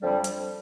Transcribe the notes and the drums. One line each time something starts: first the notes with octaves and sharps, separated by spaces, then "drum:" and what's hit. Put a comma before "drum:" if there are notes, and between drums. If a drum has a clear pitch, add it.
F2 D3 G3
drum: hi-hat